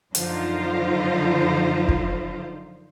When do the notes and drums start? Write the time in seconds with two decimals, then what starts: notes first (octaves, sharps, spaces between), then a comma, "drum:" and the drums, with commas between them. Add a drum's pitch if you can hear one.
0.15 F#2 D3 F3 D#4 F4 C5, drum: hi-hat
1.88 drum: kick F1